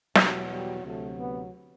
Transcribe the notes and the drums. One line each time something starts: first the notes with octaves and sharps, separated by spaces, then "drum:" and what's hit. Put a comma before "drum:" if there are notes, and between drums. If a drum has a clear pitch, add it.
E2 B2 F#3 G3, drum: snare
G3
D2 C3 F#3 A3
B3